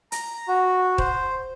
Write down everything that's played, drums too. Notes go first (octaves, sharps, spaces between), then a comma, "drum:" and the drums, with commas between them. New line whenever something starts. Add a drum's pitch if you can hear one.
A#5, drum: hi-hat
F#4
C5, drum: kick D#1